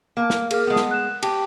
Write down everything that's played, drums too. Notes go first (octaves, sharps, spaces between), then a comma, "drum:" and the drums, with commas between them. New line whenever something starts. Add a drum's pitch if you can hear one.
A#3
drum: snare
G#4 A#4 F6, drum: cymbal
G#3 B3
drum: snare
F#6 E7
G4 A5, drum: cymbal